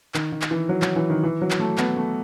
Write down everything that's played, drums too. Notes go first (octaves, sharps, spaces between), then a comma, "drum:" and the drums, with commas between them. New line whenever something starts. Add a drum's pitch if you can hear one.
D#3, drum: clap
D#3
drum: clap
E3
F#3
F#3, drum: clap
E3
D#3
E3
F#3
drum: clap
A3
B3, drum: clap
A3